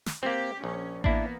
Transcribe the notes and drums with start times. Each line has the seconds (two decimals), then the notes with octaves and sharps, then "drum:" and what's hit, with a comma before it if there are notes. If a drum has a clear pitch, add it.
0.06 drum: snare
0.23 A#3 C4 G4
0.64 A#1 C#4
1.04 E3 A#3 B3 D4 E4, drum: kick A1